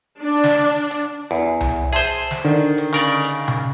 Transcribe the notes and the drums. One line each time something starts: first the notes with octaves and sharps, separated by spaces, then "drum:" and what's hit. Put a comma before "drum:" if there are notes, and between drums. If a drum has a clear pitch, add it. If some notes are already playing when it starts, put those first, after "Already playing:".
D4
drum: snare
drum: hi-hat
E2 E4
drum: tom C2
G#4 C5 E5 A5 C6
drum: snare
D3 D#3
drum: hi-hat
C#3 A#4 D5
drum: hi-hat
drum: tom C3